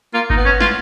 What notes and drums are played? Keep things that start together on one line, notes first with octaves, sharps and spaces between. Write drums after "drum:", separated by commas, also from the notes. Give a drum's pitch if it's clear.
A#3 F4
D#4, drum: kick G1
B3
C#4
F4, drum: snare